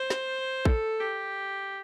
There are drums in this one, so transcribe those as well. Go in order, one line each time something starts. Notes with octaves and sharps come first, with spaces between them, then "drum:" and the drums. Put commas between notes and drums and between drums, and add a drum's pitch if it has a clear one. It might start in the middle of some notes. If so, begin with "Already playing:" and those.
Already playing: C5
drum: snare
A4, drum: kick
G4